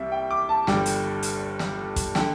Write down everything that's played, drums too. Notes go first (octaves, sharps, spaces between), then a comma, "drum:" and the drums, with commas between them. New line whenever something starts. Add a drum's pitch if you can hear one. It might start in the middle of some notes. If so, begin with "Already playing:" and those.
Already playing: C2 C3 G3 E5
G5
D6
A5
G1 G2 D3 G3 G5, drum: snare
drum: hi-hat
drum: hi-hat
drum: snare
drum: kick, hi-hat
D3 G5, drum: snare